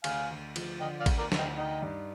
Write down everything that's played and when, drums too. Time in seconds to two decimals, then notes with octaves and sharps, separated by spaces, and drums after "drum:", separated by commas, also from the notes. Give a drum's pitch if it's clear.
0.04 D2 F5 G#5, drum: cymbal
0.31 D2
0.56 F3, drum: cymbal
0.80 D3 D#5 G5
1.00 D5 F5
1.06 D2, drum: kick A1, cymbal
1.19 A#4 D5
1.32 D2, drum: snare
1.38 D#5 G5
1.57 D#4 D#5 G5
1.82 G2